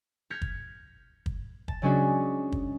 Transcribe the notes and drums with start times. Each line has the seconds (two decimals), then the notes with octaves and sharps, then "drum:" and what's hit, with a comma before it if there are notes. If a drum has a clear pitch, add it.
0.30 F6 G6 G#6 A#6 B6 C#7
0.42 drum: kick
1.26 drum: kick
1.68 A5, drum: kick
1.82 C#3 F#3 G#3 C#4 D4 F#4
2.52 drum: kick